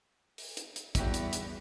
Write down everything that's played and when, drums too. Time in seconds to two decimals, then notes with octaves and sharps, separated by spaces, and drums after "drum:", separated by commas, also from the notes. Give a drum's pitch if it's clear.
0.38 drum: open hi-hat
0.57 drum: hi-hat
0.76 drum: hi-hat
0.95 E2 G2 E4 F#4 G4, drum: kick, hi-hat
1.14 drum: hi-hat
1.33 drum: hi-hat